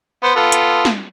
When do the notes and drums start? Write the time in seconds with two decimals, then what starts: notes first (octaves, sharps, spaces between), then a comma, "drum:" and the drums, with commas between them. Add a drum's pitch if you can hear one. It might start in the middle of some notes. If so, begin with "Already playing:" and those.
0.23 B3 C5
0.36 B3 F4 A4
0.52 drum: hi-hat
0.85 drum: snare